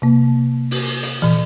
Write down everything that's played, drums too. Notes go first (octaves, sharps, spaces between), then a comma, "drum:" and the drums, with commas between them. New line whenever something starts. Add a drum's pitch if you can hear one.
C3 A#3
drum: open hi-hat
drum: hi-hat
A#2 E3